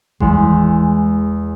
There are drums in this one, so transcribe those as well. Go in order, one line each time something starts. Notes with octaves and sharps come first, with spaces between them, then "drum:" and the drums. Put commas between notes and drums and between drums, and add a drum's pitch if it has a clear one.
E2 G#3, drum: kick G1